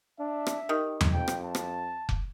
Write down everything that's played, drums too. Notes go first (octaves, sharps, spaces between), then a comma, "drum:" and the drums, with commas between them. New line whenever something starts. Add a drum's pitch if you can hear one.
D4 E5
drum: rim click
D#3 G4
drum: tom E2
F2 G5
drum: rim click
A5
drum: rim click
drum: kick F1